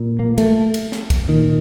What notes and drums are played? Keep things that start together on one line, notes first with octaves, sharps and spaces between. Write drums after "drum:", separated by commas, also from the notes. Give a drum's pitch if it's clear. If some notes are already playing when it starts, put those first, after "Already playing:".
Already playing: A#2
A#3
A3, drum: cymbal
drum: cymbal
drum: snare
drum: kick C2, cymbal
A#2 D#3